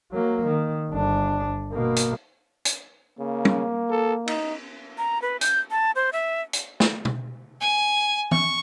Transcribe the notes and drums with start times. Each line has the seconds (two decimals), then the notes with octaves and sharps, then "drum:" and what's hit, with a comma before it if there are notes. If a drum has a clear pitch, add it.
0.12 F#3 A#3
0.46 D#3
0.91 G1 D4
1.72 B2 A#3
1.96 drum: hi-hat
2.65 drum: hi-hat
3.19 C#3 A#3
3.45 drum: tom
3.90 A4
4.28 D#4, drum: cymbal
4.98 A#5
5.22 B4
5.41 G6, drum: hi-hat
5.71 A5
5.96 C5
6.13 E5
6.53 drum: hi-hat
6.80 drum: snare
7.05 drum: tom B2
7.61 G#5
8.31 C#6, drum: tom E3